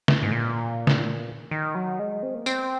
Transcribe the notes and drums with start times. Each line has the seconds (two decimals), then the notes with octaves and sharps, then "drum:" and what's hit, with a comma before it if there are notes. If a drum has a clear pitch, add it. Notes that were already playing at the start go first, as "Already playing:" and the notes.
0.08 drum: snare
0.23 G#2
0.32 A#2
0.87 drum: snare
1.51 D#3
1.75 F#3
1.99 G#3
2.23 C4
2.35 A#3
2.46 C4, drum: tambourine